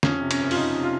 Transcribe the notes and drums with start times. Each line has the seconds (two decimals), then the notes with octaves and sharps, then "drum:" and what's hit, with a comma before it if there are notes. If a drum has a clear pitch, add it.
0.03 F2 C#4, drum: snare
0.21 C3
0.31 C#4, drum: cymbal
0.39 F#1
0.51 F4, drum: open hi-hat
0.57 F#1 D#4
0.74 C3
0.83 F4